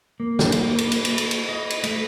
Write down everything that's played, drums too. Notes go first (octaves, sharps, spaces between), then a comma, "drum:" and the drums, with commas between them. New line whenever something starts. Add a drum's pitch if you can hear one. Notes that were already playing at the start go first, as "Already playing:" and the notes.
A#3
drum: snare
drum: cymbal
drum: cymbal
drum: cymbal
drum: cymbal
drum: cymbal
drum: cymbal
D#5
drum: cymbal
A3, drum: cymbal